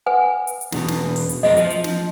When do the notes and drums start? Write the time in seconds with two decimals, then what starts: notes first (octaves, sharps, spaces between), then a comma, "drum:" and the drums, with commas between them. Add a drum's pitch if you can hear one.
0.06 B4 F#5 G#5
0.47 drum: hi-hat
0.61 drum: hi-hat
0.72 E2 B2, drum: snare
0.88 drum: snare
1.16 drum: open hi-hat
1.29 drum: hi-hat
1.43 F2 G#3 C4 D#5
1.57 F3, drum: hi-hat
1.70 drum: hi-hat
1.84 drum: snare